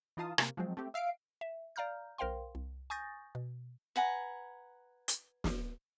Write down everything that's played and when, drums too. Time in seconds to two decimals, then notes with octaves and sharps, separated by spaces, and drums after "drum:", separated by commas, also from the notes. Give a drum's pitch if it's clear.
0.17 E3 D#4 F4 F5 A5 D#6
0.38 C3 A#3, drum: rim click
0.57 F3 F#3 G#3 C4
0.77 A3 C4 G4
0.94 E5 F5 C7 D7
1.41 E5
1.76 D5 F5 A#5 F6 G6
2.18 B1 A#4 C5 F5 G5 C6
2.55 C2
2.90 G#5 C#6 D#6 G6 A6 A#6
3.35 B2
3.96 B4 F#5 G#5 A#5
5.08 drum: hi-hat
5.44 drum: snare